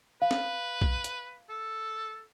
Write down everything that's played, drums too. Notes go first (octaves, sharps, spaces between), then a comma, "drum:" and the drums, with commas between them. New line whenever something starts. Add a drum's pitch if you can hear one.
B4 F5
drum: snare C4
drum: kick
drum: hi-hat
A4